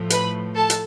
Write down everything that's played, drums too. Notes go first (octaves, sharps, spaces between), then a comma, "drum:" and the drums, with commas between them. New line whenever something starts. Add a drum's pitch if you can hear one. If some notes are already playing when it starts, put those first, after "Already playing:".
Already playing: A2 F3 A3
B4 B5, drum: hi-hat
A4 A5
drum: hi-hat